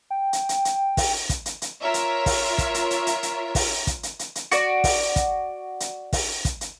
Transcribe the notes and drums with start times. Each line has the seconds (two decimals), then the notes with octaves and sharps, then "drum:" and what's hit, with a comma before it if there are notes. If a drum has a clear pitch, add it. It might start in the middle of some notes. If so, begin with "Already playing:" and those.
0.10 G5
0.33 drum: hi-hat
0.49 drum: hi-hat
0.65 drum: hi-hat
0.97 drum: kick, open hi-hat
1.29 drum: kick, hi-hat
1.46 drum: hi-hat
1.62 drum: hi-hat
1.81 F4 A#4 C#5 E5
1.94 drum: hi-hat
2.26 drum: kick, open hi-hat
2.58 drum: kick, hi-hat
2.74 drum: hi-hat
2.90 drum: hi-hat
3.07 drum: hi-hat
3.23 drum: hi-hat
3.55 drum: kick, open hi-hat
3.87 drum: kick, hi-hat
4.03 drum: hi-hat
4.19 drum: hi-hat
4.35 drum: hi-hat
4.52 F#4 D5, drum: hi-hat
4.84 drum: kick, open hi-hat
5.16 drum: kick, hi-hat
5.80 drum: hi-hat
6.13 drum: kick, open hi-hat
6.45 drum: kick, hi-hat
6.61 drum: hi-hat